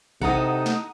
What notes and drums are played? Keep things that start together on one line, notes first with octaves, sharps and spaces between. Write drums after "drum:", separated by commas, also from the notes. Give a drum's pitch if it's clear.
C3 D#4 A4 F#5 A#5 D#6, drum: kick A1
drum: snare